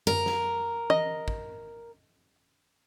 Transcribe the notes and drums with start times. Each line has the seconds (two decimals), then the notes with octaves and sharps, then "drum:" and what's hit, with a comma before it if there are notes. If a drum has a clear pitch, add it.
0.07 A#4, drum: tom F#2
0.26 drum: snare
0.90 D#5, drum: tom E3
1.28 drum: kick